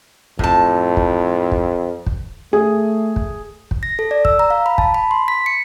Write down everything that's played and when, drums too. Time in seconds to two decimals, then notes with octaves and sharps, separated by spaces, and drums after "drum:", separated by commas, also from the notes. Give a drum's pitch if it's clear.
0.39 F2 A2 A5, drum: kick
0.97 drum: kick
1.52 drum: kick
2.06 drum: kick
2.53 A3 G#4
3.16 drum: kick
3.71 drum: kick
3.83 A#6
3.99 A4
4.11 D5
4.25 E6, drum: kick
4.39 A#5
4.50 F5
4.66 B5
4.78 A5, drum: kick
4.94 B5
5.11 C6
5.28 B6
5.46 C#7